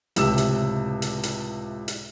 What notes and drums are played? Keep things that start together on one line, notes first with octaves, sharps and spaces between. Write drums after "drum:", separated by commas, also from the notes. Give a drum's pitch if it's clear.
C#2 A2 C3 E6, drum: hi-hat
drum: hi-hat
drum: hi-hat
drum: hi-hat
drum: hi-hat